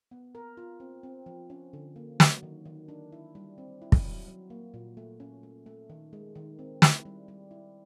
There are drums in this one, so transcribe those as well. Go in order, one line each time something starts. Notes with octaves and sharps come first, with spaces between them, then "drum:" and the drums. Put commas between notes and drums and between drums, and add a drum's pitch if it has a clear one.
B3
A#4
F4
C4
C4
F3
C#4
D3
A#3
F#3, drum: snare
D#3
D#3
D4
E4
G3
C4
E4
drum: kick
F#3
F#3
A#3
A#2
A3
C#4
A3
A3
D#3
G#3
D#3
C4
E4, drum: snare
G3
G3
E4